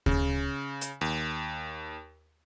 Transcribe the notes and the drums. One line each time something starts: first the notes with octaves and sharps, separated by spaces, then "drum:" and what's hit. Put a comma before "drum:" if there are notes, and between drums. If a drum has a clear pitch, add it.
C#3, drum: kick D2
drum: hi-hat
D#2